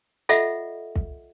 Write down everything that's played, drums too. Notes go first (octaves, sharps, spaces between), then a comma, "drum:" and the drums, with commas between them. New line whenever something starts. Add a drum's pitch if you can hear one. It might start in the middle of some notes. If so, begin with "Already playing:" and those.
F4 A4 D#5 E5 F#5, drum: hi-hat
drum: kick